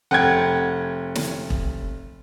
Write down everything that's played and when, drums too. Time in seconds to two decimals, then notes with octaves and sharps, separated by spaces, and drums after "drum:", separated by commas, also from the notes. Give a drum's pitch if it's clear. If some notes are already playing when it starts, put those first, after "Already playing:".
0.11 F1 F#5 G5 G#6
1.15 drum: snare
1.50 drum: kick E1